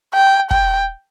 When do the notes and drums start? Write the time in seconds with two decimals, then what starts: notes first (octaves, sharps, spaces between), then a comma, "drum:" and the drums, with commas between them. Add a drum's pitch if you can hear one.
0.14 G5
0.51 G5, drum: kick